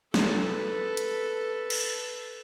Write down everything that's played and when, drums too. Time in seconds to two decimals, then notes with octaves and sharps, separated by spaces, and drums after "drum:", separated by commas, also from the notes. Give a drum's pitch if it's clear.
0.14 A4 B4, drum: snare
0.97 drum: hi-hat
1.70 drum: cymbal